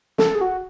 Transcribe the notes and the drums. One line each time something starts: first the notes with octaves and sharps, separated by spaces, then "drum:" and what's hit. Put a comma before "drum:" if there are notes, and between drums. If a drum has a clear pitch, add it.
A4, drum: snare
G#4
F#4